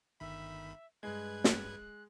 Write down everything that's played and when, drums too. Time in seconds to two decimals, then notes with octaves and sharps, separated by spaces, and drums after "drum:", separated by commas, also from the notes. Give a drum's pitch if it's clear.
0.20 G1 D#3 E5 B5
1.03 G2 G#3 B4 F#6 G#6
1.44 drum: snare